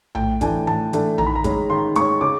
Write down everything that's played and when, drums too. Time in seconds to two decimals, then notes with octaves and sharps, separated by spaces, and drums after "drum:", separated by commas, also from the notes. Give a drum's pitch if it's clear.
0.15 A2 G5, drum: tom A#1
0.41 E3 A3 D4 G#5, drum: kick G#1, hi-hat
0.67 A2 A5, drum: tom D#3
0.93 E3 A3 D4, drum: hi-hat
1.18 D#3 A#5, drum: tom A#1
1.27 B5
1.35 A#5
1.44 G#3 C#4, drum: kick G#1, hi-hat
1.70 D#3 C6
1.95 G#3 C#4 C#6, drum: hi-hat
2.21 C#3 D6